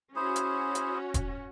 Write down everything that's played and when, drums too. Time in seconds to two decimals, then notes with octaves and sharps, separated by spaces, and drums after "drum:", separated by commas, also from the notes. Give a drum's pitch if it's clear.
0.16 C#4 E4 F#4 G#4 C5
0.36 drum: hi-hat
0.75 drum: hi-hat
1.14 drum: kick E1, hi-hat